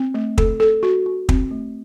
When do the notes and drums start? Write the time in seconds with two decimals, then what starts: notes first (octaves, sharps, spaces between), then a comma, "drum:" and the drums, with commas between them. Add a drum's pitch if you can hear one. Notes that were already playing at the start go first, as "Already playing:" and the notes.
Already playing: C4
0.14 A3
0.38 A4, drum: kick
0.60 A4
0.83 F#4
1.06 F#4
1.29 C4, drum: kick
1.51 A3